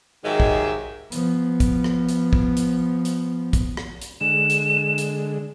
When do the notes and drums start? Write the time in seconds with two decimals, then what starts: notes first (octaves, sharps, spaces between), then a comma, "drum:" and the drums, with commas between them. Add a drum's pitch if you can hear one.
0.24 G#2 D#3 F#3 G#3 G4 E5
0.40 drum: kick
1.12 F3 B3, drum: hi-hat
1.60 drum: kick, hi-hat
1.84 drum: rim click
2.09 drum: hi-hat
2.33 drum: kick
2.57 drum: hi-hat
3.05 drum: hi-hat
3.53 drum: kick, hi-hat
3.77 drum: rim click
4.02 drum: hi-hat
4.21 D3 G#3 E7
4.50 drum: hi-hat
4.98 drum: hi-hat